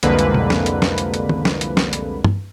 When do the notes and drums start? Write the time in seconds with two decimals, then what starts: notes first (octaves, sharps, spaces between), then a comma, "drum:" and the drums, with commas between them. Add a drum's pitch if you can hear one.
0.03 C2 F2 D3 G#3 A#3 B4, drum: hi-hat
0.19 drum: hi-hat
0.34 drum: tom B2
0.50 drum: snare
0.66 drum: hi-hat
0.82 drum: snare
0.98 drum: hi-hat
1.14 drum: hi-hat
1.29 drum: tom D#3
1.45 drum: snare
1.61 drum: hi-hat
1.77 drum: snare
1.93 drum: hi-hat
2.24 drum: tom G2